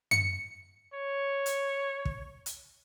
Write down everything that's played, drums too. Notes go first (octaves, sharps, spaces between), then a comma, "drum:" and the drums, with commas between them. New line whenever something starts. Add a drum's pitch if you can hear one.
C#7, drum: tom F#2
C#5
drum: hi-hat
drum: kick
drum: hi-hat